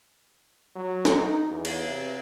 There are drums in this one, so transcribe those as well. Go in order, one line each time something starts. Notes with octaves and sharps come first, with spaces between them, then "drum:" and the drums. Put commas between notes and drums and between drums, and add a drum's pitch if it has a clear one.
F#3
drum: snare
D#4
E2
drum: cymbal
C3